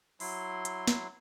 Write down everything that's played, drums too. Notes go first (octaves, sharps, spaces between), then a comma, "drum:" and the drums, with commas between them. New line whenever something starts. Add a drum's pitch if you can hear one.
F#3 E4 C6, drum: open hi-hat
drum: hi-hat
drum: snare